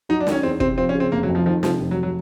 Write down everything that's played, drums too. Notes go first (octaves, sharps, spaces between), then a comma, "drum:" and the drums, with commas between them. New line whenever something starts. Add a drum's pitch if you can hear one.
F#3 D#4
D4
D#3, drum: snare
C#4
E2 C4
C3 C4, drum: kick
F3 C4
C#4
C#3
C4
F1 A#3
F#3
F2
F3
D#3 F3
C3 F3, drum: snare
F1
F#3
F#3